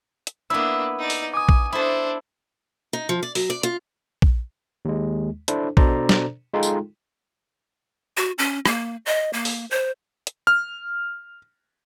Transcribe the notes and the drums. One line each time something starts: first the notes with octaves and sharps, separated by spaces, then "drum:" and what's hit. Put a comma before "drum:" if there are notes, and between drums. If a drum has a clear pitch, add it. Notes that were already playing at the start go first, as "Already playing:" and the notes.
drum: hi-hat
A#3 B3 D4 E4 E6
D#4 D5
drum: open hi-hat
G#5 D6 D#6
drum: kick
D4 E4 A4 C5
D#4
F3
D5
F#3, drum: open hi-hat
D5
F4, drum: hi-hat
drum: kick
D#2 G#3
D4 E4 A4 C5, drum: hi-hat
B2 D4 A4 C5 D5 A#5, drum: kick
drum: snare
G#3 D#4 F4 G#4 A4 G5
drum: tambourine
F#4
C#4
A#3, drum: rim click
D#5
A#3
drum: open hi-hat
C5
drum: hi-hat
F6